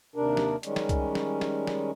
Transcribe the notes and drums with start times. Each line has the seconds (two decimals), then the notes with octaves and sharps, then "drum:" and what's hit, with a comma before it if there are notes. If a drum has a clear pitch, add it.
0.16 D#2 C3 D4 A#4
0.37 drum: snare
0.63 D#3 G3 G#3 C#4, drum: hi-hat
0.76 drum: snare
0.89 drum: kick C2, hi-hat
1.15 drum: snare
1.41 drum: snare
1.67 drum: snare